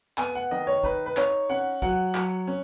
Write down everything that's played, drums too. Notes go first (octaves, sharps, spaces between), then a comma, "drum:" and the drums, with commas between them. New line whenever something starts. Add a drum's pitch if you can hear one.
B3 G#5, drum: clap
F#5
D#3 D#5
C#5
D#4 B4, drum: kick
B4
D#4 C#5, drum: clap
C#4 F#5
F#3 F#5, drum: kick
F#3, drum: clap
C#4